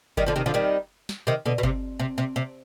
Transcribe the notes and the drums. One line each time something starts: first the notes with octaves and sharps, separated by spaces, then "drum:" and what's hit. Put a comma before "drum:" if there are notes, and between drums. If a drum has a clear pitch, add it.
D#3 G3, drum: kick G1
D3 F3
C3 D#3
D3 F3
D#3 G3
drum: snare
C3 D#3
B2 D3
B2
C3, drum: kick G1
C3
C3
C3